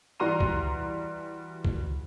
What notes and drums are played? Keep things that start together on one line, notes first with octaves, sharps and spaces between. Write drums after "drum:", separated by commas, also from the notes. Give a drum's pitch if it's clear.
E3 G3 F#4 A#5 C6 D#7
drum: kick
drum: kick